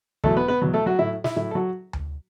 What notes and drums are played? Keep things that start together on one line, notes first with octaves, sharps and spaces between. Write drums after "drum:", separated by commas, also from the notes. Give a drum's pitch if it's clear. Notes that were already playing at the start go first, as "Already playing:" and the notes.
E2 B2 F#3 A3 A4, drum: kick
B3 B4
B3 B4
E2 B2 F#3
A3 A4
F#3 F#4
A2 F#3 E4
E4, drum: snare
A2 F#3 E4
A4
F#3 F#4
drum: tom D2